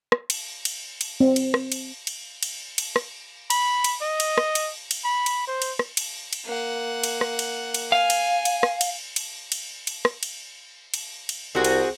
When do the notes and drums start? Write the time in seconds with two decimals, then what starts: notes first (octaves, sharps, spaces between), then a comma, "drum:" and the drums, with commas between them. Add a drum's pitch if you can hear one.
0.12 drum: rim click
0.30 drum: cymbal
0.65 drum: cymbal
1.01 drum: cymbal
1.20 C4
1.36 drum: cymbal
1.54 drum: rim click
1.72 drum: cymbal
2.07 drum: cymbal
2.43 drum: cymbal
2.78 drum: cymbal
2.96 drum: rim click
3.50 B5, drum: cymbal
3.84 drum: cymbal
4.02 D#5
4.20 drum: cymbal
4.38 drum: rim click
4.55 drum: cymbal
4.91 drum: cymbal
5.04 B5
5.26 drum: cymbal
5.47 C5
5.62 drum: cymbal
5.79 drum: rim click
5.97 drum: cymbal
6.33 drum: cymbal
6.46 A#3 F#5
7.04 drum: cymbal
7.21 drum: rim click
7.39 drum: cymbal
7.74 drum: cymbal
7.92 F5 G#5
8.10 drum: cymbal
8.45 drum: cymbal
8.63 drum: rim click
8.81 drum: cymbal
9.16 drum: cymbal
9.52 drum: cymbal
9.87 drum: cymbal
10.05 drum: rim click
10.23 drum: cymbal
10.94 drum: cymbal
11.29 drum: cymbal
11.55 C2 C4 F#4 G#4
11.64 drum: cymbal